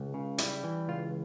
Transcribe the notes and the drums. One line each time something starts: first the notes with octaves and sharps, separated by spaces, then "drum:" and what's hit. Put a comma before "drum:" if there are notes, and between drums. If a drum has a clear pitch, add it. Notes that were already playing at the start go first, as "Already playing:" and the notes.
Already playing: C#2
C#3
G3 E4, drum: hi-hat
E3
C#2 F4